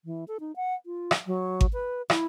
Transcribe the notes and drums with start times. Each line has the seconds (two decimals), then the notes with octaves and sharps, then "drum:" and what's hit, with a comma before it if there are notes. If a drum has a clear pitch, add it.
0.05 E3
0.28 A4
0.40 D#4
0.56 F#5
0.86 F4
1.11 drum: rim click
1.27 F#3
1.61 drum: kick G#1
1.73 B4
2.10 E4, drum: rim click